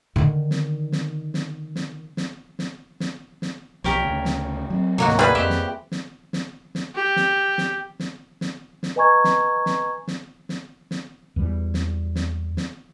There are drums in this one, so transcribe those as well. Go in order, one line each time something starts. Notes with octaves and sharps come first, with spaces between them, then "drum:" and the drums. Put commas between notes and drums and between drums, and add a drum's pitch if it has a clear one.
D3 D#3
drum: snare
drum: snare
drum: snare
drum: snare
drum: snare
drum: snare
drum: snare
drum: snare
B1 F3 G4 A#4 C#5, drum: snare
D2 C#3
drum: snare
F#3 G#3 C4
D2 G#2 C3 F#3 A#3 F#4
drum: snare
G3 G#4 B4
F2 G4 C5 E5
drum: snare
drum: snare
drum: snare
drum: snare
G4
drum: snare
drum: snare
drum: snare
drum: snare
drum: snare
B4 D#5 G#5 A#5 C#6 G#6
drum: snare
drum: snare
drum: snare
drum: snare
drum: snare
E2 E3 G3
drum: snare
drum: snare
drum: snare